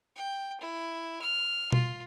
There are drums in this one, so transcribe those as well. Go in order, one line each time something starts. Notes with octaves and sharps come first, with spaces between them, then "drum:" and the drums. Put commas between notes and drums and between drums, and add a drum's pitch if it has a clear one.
G5
E4
F6
F4, drum: tom B2